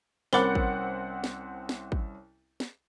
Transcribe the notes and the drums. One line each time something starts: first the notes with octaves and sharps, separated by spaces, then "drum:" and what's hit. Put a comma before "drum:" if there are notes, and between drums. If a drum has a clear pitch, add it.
C2 C4 C#4 A#4 F#5 B5 D6 A6, drum: snare
drum: kick
drum: snare
drum: snare
drum: kick
drum: snare